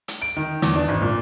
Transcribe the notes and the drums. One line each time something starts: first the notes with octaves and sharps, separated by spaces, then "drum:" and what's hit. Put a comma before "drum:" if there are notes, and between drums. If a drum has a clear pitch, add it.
drum: hi-hat
D7
D#3
E2, drum: hi-hat
D4
G#1
A#2